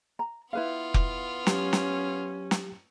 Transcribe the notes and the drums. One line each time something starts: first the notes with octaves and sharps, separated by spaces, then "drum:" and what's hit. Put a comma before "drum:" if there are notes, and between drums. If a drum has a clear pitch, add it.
A#5
B3 E4 F4 B4 F5
drum: kick F1
F#3 C#4 G4, drum: snare
drum: snare
drum: snare